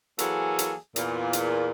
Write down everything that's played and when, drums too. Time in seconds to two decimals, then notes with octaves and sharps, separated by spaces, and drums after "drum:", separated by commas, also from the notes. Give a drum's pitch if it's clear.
0.19 E3 F#3 A#3 G#4 A4, drum: hi-hat
0.59 drum: hi-hat
0.96 E2 A#2, drum: hi-hat
1.33 drum: hi-hat